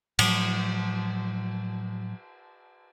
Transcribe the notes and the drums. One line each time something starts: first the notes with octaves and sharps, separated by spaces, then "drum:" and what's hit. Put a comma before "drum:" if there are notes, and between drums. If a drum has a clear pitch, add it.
A2 F3 F#3, drum: cymbal